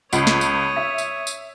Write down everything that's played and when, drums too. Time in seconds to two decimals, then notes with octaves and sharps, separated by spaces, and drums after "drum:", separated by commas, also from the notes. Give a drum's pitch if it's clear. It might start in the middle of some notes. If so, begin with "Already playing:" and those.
0.13 C#2 C#5 D#6, drum: tambourine
0.27 drum: snare
0.41 drum: tambourine
0.76 E5
0.98 drum: tambourine
1.27 drum: tambourine